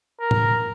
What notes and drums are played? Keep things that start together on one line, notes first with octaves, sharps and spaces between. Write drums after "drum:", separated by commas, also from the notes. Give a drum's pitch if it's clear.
A#4
drum: tom A2